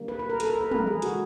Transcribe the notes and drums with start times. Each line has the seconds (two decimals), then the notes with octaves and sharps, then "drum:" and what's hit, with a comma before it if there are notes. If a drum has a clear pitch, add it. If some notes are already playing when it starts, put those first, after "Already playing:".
Already playing: D3 G3 A#3
0.08 B4
0.19 B4
0.29 A#4
0.40 A4, drum: hi-hat
0.50 A#4
0.61 B4
0.71 A#4, drum: tom
0.87 G#4
1.02 C#3 E3 G#3 F#4, drum: hi-hat